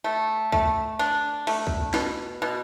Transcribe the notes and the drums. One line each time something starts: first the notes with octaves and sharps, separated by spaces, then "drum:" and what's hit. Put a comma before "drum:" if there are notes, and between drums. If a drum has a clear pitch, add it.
A3
A3, drum: kick
D4
A3, drum: cymbal
drum: kick
B2, drum: snare
B2